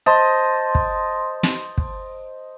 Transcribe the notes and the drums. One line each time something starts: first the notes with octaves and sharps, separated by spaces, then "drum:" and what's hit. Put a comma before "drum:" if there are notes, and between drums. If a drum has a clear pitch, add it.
C5 D#5 A5
drum: kick
drum: snare
drum: kick